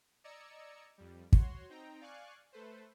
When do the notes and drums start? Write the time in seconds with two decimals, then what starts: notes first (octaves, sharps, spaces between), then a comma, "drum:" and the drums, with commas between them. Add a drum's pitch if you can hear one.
0.24 D5 D#5 A#5 E6 G#6 C#7
0.98 F2 G3
1.33 F#4 C#5 C6, drum: kick
1.69 C4 D#4 G5 A#5
2.01 D5 F5 G#5 C#6 F#6
2.53 A3 A4 B4 C5